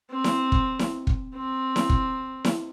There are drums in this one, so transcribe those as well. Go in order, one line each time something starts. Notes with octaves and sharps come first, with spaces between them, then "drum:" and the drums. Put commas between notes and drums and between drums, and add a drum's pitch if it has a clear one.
C4
drum: snare E4
drum: kick
drum: snare E4
drum: kick
C4
drum: snare E4
drum: kick
drum: snare E4